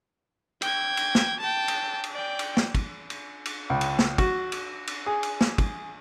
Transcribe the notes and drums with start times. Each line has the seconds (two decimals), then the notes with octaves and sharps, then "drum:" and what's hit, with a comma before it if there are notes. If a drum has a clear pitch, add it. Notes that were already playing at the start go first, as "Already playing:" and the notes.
0.62 G5 G#6, drum: cymbal
0.97 drum: cymbal
1.15 drum: snare
1.41 G5 A5
1.68 drum: cymbal
2.04 drum: cymbal
2.13 D5 G5
2.39 drum: cymbal
2.57 drum: snare
2.75 drum: kick, cymbal
3.10 drum: cymbal
3.45 drum: cymbal
3.70 C#2
3.81 drum: cymbal
3.99 drum: snare
4.18 F#4, drum: kick, cymbal
4.52 drum: cymbal
4.87 drum: cymbal
5.06 G#4
5.23 drum: cymbal
5.41 drum: snare
5.58 drum: kick, cymbal